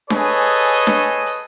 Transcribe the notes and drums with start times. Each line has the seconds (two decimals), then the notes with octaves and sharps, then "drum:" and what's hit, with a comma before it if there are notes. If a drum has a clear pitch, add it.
0.10 G#4 A4 B4 C#5 D#5 G#5, drum: snare D4
0.87 drum: snare D4
1.26 drum: hi-hat